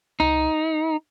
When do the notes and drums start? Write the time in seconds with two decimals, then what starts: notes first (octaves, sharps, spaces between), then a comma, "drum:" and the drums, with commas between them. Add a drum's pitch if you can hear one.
0.20 D#4, drum: tom C#2